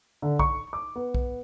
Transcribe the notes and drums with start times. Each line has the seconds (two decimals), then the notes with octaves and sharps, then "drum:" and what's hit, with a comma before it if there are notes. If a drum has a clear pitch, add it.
0.22 D3
0.39 C#6, drum: kick B1
0.73 D6
0.96 B3
1.15 drum: kick B1